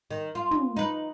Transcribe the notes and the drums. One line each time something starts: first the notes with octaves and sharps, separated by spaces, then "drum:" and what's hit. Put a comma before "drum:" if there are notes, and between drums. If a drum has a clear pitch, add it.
D#3
F4
drum: tom
D#4 B4